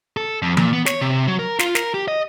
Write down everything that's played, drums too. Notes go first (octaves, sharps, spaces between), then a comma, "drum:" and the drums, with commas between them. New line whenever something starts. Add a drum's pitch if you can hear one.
A4
F2
A#2, drum: tom E3
B3
C#5, drum: snare
C3
F#3
A#4
F4, drum: snare
A#4, drum: snare
G4
D#5